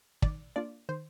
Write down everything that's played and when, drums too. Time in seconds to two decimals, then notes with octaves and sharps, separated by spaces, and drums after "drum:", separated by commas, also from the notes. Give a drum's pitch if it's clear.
0.22 D#3 D5, drum: kick
0.56 A#3 D4 F4 D5
0.89 D#3 C5